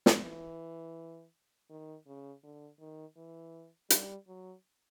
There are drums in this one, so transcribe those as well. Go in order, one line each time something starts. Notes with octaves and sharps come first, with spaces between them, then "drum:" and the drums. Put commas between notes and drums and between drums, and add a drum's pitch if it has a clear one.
drum: snare
E3
D#3
C#3
D3
D#3
E3
G3, drum: hi-hat
F#3